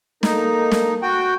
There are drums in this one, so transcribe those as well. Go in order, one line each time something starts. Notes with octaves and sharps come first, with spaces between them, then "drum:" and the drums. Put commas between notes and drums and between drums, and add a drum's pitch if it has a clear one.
A#3 D#4 A4, drum: snare
drum: snare
F#4 G5